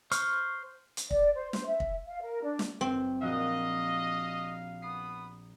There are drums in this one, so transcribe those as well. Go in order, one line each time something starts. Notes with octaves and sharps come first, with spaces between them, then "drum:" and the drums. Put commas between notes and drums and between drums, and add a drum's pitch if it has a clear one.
C5 C#6 F6, drum: hi-hat
drum: hi-hat
D5, drum: kick
C5
C5, drum: snare
E5
drum: kick
F5
A#4
D4
drum: snare
F#1 C4
A#1 F3 F#4 D#5 F5
B3 B5 D#6 C7